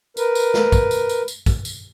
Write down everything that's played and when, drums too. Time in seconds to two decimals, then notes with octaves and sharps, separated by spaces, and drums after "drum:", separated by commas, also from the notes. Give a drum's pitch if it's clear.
0.17 A#4 B4, drum: tambourine
0.35 drum: tambourine
0.54 drum: snare
0.72 drum: kick, tambourine
0.91 drum: tambourine
1.09 drum: tambourine
1.28 drum: tambourine
1.46 drum: kick, tambourine
1.65 drum: tambourine